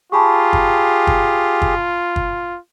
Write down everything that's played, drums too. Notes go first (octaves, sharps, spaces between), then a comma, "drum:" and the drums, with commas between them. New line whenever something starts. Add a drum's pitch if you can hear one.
F4 G4 G#4 A5 B5 C#6
drum: kick
drum: kick
drum: kick
drum: kick